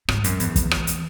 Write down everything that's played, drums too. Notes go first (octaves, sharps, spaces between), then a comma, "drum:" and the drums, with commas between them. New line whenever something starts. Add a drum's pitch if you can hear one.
G#2, drum: rim click
F#2, drum: hi-hat
E2, drum: hi-hat
drum: kick, hi-hat
drum: rim click
drum: hi-hat